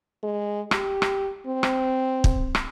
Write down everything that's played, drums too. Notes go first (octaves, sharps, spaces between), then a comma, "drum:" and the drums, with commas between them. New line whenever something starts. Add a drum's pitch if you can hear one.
G#3
G4, drum: rim click
drum: rim click
C4
drum: rim click
drum: kick
drum: rim click